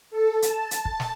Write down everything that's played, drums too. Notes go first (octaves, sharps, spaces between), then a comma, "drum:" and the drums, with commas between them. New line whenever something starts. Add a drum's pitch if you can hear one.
A4
A5, drum: hi-hat
drum: hi-hat
drum: kick
drum: snare